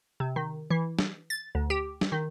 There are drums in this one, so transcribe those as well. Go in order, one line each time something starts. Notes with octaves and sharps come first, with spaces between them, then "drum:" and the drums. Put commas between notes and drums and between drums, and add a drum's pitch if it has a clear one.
C3
D#3
E3
drum: snare
A6
D2
G4
drum: snare
D#3